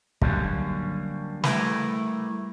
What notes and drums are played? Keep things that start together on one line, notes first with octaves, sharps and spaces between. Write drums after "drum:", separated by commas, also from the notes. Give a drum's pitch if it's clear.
D3 F#3 G3 A#3 C#4, drum: kick
G3 A3 E4 A#4 B4, drum: snare